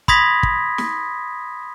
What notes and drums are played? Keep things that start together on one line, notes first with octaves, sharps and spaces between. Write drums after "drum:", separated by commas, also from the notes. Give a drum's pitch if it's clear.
B5 C6 D#6 G#6 A#6 B6, drum: kick
drum: kick
drum: snare